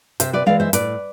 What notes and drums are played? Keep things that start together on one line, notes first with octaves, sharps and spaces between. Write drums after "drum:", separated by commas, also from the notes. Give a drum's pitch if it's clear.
C3 C5 E5, drum: hi-hat
B4 D5
E3 G#3 D5 F5
C5 E5
A2 B4 D5, drum: hi-hat